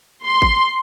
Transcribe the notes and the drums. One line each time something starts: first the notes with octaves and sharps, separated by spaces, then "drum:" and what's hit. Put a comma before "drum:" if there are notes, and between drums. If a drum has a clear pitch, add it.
C6
drum: kick G#1